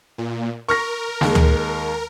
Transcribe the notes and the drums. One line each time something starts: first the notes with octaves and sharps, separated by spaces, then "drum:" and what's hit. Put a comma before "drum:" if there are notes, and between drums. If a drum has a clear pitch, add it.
A#2
A#4 C#6 F6 A#6
D#2 D#3 G#3, drum: snare
drum: tom D2